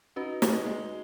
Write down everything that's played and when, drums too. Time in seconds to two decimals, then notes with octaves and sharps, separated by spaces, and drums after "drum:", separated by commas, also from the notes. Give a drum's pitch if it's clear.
0.16 C#4 D#4 F#4 B4
0.42 D#4, drum: snare
0.66 G#3